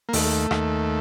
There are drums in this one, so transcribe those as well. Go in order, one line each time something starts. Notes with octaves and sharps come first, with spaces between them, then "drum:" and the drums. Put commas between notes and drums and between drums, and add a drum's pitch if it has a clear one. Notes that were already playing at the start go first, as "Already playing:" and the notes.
A#3
D#2 A3, drum: open hi-hat
D#2, drum: rim click